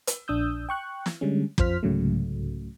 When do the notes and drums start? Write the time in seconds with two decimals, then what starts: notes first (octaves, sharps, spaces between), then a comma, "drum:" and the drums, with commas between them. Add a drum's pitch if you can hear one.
0.07 drum: hi-hat
0.28 A#1 D4 D#6 E6 G6
0.69 G5 C#6 F#6
1.06 drum: snare
1.21 D3 G3 G#3 C#4
1.58 F2 F4 C5 F6 B6, drum: kick
1.83 C2 G#2 C#3 F#3 A3